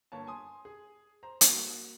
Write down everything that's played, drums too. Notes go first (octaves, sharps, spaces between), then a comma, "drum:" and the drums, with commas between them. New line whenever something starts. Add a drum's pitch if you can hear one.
G1 A#3 C#5 A5
G#5 C6 D#6
G#4
C5 A#5
A#3 F#4, drum: hi-hat